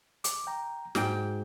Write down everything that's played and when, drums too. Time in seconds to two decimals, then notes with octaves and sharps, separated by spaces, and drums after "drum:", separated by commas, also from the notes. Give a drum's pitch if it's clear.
0.24 D6, drum: hi-hat
0.47 G5 A#5
0.95 G#2 F#4 G5, drum: snare